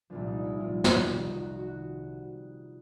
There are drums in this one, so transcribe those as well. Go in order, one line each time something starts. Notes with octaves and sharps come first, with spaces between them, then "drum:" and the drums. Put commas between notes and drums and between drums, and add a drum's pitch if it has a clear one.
C2 A#2 F3 D4
D#4
E4
C2 A#2 F3 F4
drum: snare
F2 C3 D#3 G4
F#4
F#4